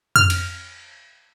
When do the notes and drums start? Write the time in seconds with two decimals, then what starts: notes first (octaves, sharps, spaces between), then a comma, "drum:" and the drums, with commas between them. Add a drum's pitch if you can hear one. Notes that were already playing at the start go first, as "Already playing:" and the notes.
0.16 F6, drum: tom F2
0.30 drum: cymbal